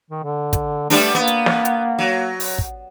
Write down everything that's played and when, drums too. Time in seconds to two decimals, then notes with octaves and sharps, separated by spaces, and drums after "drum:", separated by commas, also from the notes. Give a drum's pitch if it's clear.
0.10 D#3
0.24 D3
0.53 drum: kick, hi-hat
0.90 G3 A3 B3 D4, drum: open hi-hat
1.15 A#3 B3
1.28 drum: hi-hat
1.46 drum: snare
1.65 drum: hi-hat
1.99 F#3
2.40 drum: open hi-hat
2.58 drum: kick